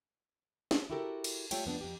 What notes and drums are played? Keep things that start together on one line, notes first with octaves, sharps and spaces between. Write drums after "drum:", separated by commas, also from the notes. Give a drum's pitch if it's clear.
drum: snare
E4 F#4 G4 A4 A#4
drum: cymbal
G3 A3 F4 C#5 G5, drum: cymbal
F2 B3 D4
F2 G4